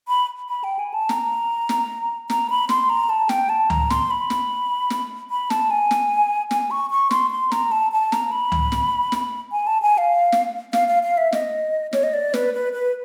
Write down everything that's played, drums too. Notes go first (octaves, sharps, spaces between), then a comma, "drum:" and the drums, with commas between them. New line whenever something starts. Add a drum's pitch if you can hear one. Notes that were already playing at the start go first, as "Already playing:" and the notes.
B5
B5
G5
G#5
A5
A#5, drum: snare
drum: snare
A#5, drum: snare
B5
C6, drum: snare
A#5
A5
G5, drum: snare
A5
A#5, drum: tom C#2
C6, drum: snare
B5
drum: snare
drum: snare
B5
A5, drum: snare
G#5
drum: snare
G#5, drum: snare
C#6
C#6
C6, drum: snare
C6
A#5, drum: snare
A5
A5
A#5, drum: snare
B5
drum: tom C#2
drum: snare
drum: snare
G#5
A5
G#5
F5
drum: snare
F5, drum: snare
F5
F5
E5
D#5, drum: snare
C#5, drum: snare
D#5
D5
B4, drum: snare
B4
B4